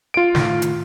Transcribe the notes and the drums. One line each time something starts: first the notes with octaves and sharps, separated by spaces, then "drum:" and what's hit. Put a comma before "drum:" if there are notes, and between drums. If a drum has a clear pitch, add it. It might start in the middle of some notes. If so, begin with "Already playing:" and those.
F4 D7
A2 D#3, drum: snare
drum: hi-hat